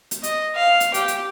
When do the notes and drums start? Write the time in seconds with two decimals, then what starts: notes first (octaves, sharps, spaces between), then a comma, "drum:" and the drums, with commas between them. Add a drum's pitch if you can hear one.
0.11 drum: hi-hat
0.23 D#5, drum: hi-hat
0.56 F5
0.80 drum: hi-hat
0.94 G4, drum: hi-hat
1.08 drum: hi-hat